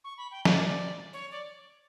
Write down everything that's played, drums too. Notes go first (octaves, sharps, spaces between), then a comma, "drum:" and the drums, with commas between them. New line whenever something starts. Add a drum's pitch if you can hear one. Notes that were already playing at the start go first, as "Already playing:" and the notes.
C#6
B5
G5
D5, drum: snare
C#5
D5